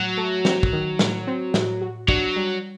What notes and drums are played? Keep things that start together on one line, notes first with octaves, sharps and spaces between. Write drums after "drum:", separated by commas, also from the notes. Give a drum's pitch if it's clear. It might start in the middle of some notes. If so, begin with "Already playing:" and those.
Already playing: A2 F#3
A3
C4, drum: snare
drum: kick
D#3
A2, drum: snare
C4
A2, drum: snare
F#4
F#3 D4, drum: kick
G3